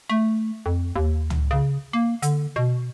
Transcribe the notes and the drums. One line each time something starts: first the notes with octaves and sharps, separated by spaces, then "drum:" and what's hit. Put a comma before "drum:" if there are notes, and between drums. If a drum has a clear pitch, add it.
A3
F2
D#2
drum: tom C#2
C#3
A#3
D3, drum: hi-hat
B2